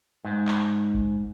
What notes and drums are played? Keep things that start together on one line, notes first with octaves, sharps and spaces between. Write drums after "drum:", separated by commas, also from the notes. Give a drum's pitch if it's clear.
G#2
drum: clap
drum: kick G#1